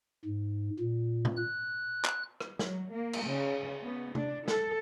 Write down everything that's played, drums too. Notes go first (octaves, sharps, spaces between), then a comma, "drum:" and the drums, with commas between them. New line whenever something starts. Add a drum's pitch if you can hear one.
G#2
A#2
drum: tom A#2
F#6
drum: clap
drum: rim click
F#3, drum: snare
A#3
drum: cymbal
C#3
B3
D4, drum: tom C3
A4, drum: snare